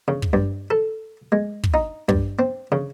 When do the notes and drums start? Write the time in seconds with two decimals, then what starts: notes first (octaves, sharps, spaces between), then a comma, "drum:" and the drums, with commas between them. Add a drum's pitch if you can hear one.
0.08 C#3
0.22 drum: kick
0.33 G2
0.71 A4
1.32 G#3
1.64 drum: kick
1.74 D#4
2.09 G2, drum: kick
2.39 C4
2.72 C#3